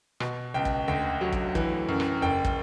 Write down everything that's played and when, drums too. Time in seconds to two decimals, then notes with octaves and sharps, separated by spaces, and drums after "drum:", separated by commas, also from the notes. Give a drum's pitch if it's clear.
0.20 B2, drum: rim click
0.54 C#2 G5
0.65 drum: kick
0.88 D2 G5
1.21 F#3
1.32 drum: kick
1.55 E3, drum: kick
1.89 F#2
2.00 drum: rim click
2.22 F#1 G5
2.45 drum: kick